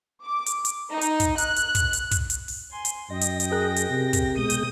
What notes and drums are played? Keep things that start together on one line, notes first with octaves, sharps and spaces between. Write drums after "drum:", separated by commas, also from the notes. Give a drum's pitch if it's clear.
D6
drum: hi-hat
drum: hi-hat
D#4
drum: hi-hat
drum: kick, hi-hat
F#6, drum: hi-hat
drum: hi-hat
drum: kick, hi-hat
drum: hi-hat
drum: kick, hi-hat
drum: hi-hat
drum: open hi-hat
G#5 C6
drum: hi-hat
F#2 D#5 G5 A#6
drum: hi-hat
drum: hi-hat
G#4 A#4 F#6
drum: hi-hat
C3
drum: kick, hi-hat
B2 G#3 D#6 G6 D#7
drum: hi-hat